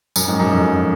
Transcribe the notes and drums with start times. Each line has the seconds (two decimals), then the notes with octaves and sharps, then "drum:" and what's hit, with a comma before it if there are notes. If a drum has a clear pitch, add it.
0.16 F#2, drum: tambourine
0.28 G#2
0.39 F#2
0.51 F2